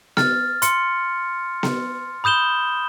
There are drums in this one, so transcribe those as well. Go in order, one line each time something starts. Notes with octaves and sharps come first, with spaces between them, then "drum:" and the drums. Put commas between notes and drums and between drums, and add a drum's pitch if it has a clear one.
F6 A6, drum: snare B3
C6 C#7, drum: hi-hat
drum: snare B3
B5 D#6 G6 E7 G7